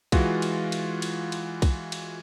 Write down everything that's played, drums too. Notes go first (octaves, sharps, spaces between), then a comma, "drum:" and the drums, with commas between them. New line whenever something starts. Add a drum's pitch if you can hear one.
E3 G#3 F4 F#4, drum: kick B1, cymbal
drum: cymbal
drum: cymbal
drum: cymbal
drum: cymbal
drum: kick B1, cymbal
drum: cymbal